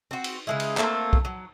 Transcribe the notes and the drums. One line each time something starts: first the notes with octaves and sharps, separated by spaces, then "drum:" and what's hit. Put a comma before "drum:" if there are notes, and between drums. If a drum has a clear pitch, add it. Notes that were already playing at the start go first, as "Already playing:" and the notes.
C4 F#4
drum: cymbal
C#3 G#3 E4
drum: cymbal
A3 A#3 C4, drum: clap
drum: kick B1
F#3